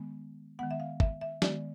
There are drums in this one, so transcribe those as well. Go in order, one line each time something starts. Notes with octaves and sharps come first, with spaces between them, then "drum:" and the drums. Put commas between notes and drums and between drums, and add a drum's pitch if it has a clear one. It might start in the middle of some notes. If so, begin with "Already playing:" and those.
Already playing: D#3 G#3 B3
D#3 G#3 B3 F#5
E5
F5
E5, drum: kick
E5
D#3 G#3 B3 D5, drum: snare